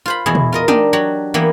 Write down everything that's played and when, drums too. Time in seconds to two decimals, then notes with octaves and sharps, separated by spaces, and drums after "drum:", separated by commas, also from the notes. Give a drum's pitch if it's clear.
0.06 F4 C5 B5
0.26 E2 B2 E4 G#4
0.35 drum: tom
0.52 F4 A#4 D#5
0.68 D4 D#4 G4 D#5 G5, drum: tom
0.93 F#3 F#4 G4
1.34 E3 A#3 B3 E4 G4